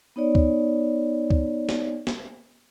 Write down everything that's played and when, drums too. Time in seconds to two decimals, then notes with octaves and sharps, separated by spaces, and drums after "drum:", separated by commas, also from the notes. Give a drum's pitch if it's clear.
0.16 B3 D#4 C#5 D5
0.35 drum: kick C#2
1.30 drum: kick C#2
1.69 drum: snare
2.07 drum: snare